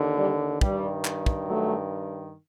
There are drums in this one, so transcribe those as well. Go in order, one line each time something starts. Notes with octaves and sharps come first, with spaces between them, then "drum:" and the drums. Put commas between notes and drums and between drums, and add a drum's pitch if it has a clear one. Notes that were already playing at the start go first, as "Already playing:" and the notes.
Already playing: D#2 D3
G3
G2 D#3 G3, drum: kick
drum: clap
drum: kick
F#3 A3